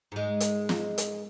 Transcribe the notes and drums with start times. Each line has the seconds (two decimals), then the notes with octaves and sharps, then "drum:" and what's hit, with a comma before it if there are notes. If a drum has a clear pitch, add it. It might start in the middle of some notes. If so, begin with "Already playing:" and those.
0.12 G#2 G#3
0.40 drum: hi-hat
0.69 drum: snare
0.98 drum: hi-hat